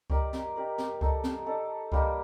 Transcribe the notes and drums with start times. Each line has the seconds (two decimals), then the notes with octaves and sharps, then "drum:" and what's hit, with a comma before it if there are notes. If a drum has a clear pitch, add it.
0.10 D#4 G4 A#4 D5, drum: kick C#2
0.33 drum: snare
0.56 D#4 G4 A#4 D5
0.78 drum: snare
1.01 D#4 A4 D5, drum: kick C#2
1.24 drum: snare
1.46 D#4 A4 D5
1.92 G3 A#3 D#4 G4, drum: kick C#2